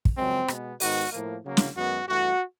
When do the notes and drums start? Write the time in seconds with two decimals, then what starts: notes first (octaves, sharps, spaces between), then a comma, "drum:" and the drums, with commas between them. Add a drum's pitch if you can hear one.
0.05 drum: kick
0.16 F#2 C#3 F3 G#3 C4
0.48 B2 G#3 B3, drum: rim click
0.80 G#2 D#3 G#3 B3 F#4, drum: open hi-hat
1.11 A2 F3 A#3
1.43 C#3 F#3 A#3
1.57 drum: snare
1.75 F#2 D#3 G#3 B3 F#4
2.06 G2 E3 A3 F#4